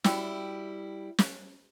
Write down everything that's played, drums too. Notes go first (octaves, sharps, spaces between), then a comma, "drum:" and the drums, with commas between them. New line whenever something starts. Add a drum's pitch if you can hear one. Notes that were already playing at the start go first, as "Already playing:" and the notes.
G3 E4 F#4 G5 E6, drum: snare
drum: snare